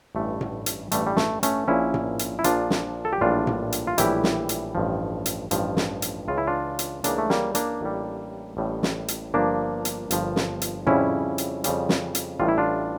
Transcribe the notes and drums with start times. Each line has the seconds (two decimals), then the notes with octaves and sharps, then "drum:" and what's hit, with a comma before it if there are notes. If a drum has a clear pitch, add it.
0.15 A1 G2 E3 G3 A3
0.41 drum: tom A2
0.66 drum: hi-hat
0.92 A1 G2 E3 G3 A3, drum: hi-hat
1.07 G3
1.17 A3, drum: snare
1.43 A3 C#4, drum: hi-hat
1.68 A#1 A#2 F3 C#4 E4
1.94 drum: tom A2
2.19 drum: hi-hat
2.39 E4
2.44 A#1 A#2 F3 D4 F4, drum: hi-hat
2.70 drum: snare
3.05 A4
3.13 G4
3.21 A#1 A2 E3 G3 D4 F4
3.47 drum: tom A2
3.72 drum: hi-hat
3.87 F4
3.98 A#1 A2 E3 G3 E4 G4, drum: hi-hat
4.23 drum: snare
4.49 drum: hi-hat
4.75 A1 G2 F3
5.26 drum: hi-hat
5.51 A1 G2 F3, drum: hi-hat
5.77 drum: snare
6.02 drum: hi-hat
6.28 C#2 C#3 E3 F4
6.38 E4
6.47 D4 F4
6.79 drum: hi-hat
7.04 C#2 C#3 E3 A#3 D4, drum: hi-hat
7.18 A3
7.30 G3 A#3, drum: snare
7.55 A#3 D4, drum: hi-hat
7.81 A1 A2 G3
8.57 A1 A2 G3
8.83 drum: snare
9.08 drum: hi-hat
9.34 G1 G2 F3 A#3 D4
9.85 drum: hi-hat
10.11 G1 G2 F3, drum: hi-hat
10.36 drum: snare
10.62 drum: hi-hat
10.87 F2 C#3 G3 C#4 E4, drum: tom A2
11.38 drum: hi-hat
11.64 F2 C#3 G3, drum: hi-hat
11.89 drum: snare
12.15 drum: hi-hat
12.40 A1 A2 E3 G3 F4
12.48 E4
12.58 D4 F4